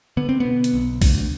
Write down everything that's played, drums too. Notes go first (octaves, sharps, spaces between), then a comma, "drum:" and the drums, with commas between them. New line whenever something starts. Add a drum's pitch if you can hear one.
D3 B3
C4
B2 B3
drum: hi-hat
B1
D2, drum: kick B1, open hi-hat